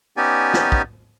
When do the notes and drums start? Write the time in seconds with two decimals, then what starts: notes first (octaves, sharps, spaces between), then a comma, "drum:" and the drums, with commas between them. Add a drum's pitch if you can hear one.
0.17 B3 C#4 D#4 G4 D5 G#5
0.54 drum: snare
0.72 drum: kick